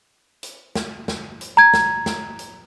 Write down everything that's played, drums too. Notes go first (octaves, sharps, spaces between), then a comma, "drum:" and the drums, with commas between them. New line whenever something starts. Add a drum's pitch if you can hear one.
drum: hi-hat
drum: snare
drum: snare
drum: hi-hat
A#5 G#6
drum: snare
drum: snare
drum: hi-hat